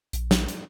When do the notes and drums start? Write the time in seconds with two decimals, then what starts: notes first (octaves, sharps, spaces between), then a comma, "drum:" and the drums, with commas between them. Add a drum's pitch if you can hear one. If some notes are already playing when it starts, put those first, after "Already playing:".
0.13 A#1, drum: hi-hat
0.31 drum: snare
0.48 drum: hi-hat